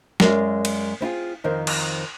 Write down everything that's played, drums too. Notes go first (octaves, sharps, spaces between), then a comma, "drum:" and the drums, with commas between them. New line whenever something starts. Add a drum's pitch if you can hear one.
F#2 G#3 A#4 D5 F5, drum: snare
drum: cymbal
C4 E4 F4 G#4
F2 D#3 A#4 C5
drum: cymbal